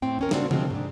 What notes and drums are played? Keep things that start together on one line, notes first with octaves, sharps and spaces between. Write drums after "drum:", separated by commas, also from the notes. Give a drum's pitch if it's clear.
A2 C4 G5
D#2 C#4 A#4
C#3 G3 A#3 C4 D4 F#4, drum: snare
D3 F3 F#3 G#3 C4, drum: tom C3
G#2 D4